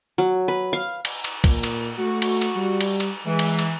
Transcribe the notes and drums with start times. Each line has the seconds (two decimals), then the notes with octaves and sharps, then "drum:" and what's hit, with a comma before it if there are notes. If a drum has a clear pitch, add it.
0.18 F#3
0.48 B4
0.73 F5
1.05 drum: cymbal
1.24 drum: cymbal
1.44 A#2, drum: kick, cymbal
1.63 drum: cymbal
1.98 A3 F#4
2.22 drum: cymbal
2.41 drum: cymbal
2.56 G3
2.81 drum: cymbal
3.00 drum: cymbal
3.26 E3 G#3
3.39 drum: cymbal
3.59 drum: cymbal